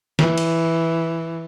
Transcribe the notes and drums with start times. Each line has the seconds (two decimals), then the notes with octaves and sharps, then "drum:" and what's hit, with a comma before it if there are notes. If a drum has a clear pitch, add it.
0.19 E3, drum: snare
0.38 drum: cymbal